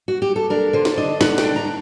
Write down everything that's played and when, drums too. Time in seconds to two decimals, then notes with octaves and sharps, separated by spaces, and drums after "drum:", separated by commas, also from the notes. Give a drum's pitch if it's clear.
0.08 F#4
0.22 G4
0.36 A4
0.50 D4 A#4
0.73 D3 C5
0.85 drum: snare
0.97 D4 D#5
1.21 D3 F#5, drum: snare
1.38 G5, drum: snare
1.44 D4
1.56 A#5